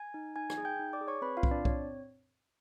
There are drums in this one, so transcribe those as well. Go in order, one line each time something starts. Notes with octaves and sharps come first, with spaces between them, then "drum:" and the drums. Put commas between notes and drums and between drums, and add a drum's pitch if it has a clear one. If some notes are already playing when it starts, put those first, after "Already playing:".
Already playing: G#5 G#6
D#4
D#4 G#5 G#6
G#5 G#6, drum: rim click
G#4
G5 G6
D#4
D5 D6
G#4
C#5 C#6
C4 B4 B5
F4 F5
C4, drum: kick
D4 D5
C4 C#5, drum: kick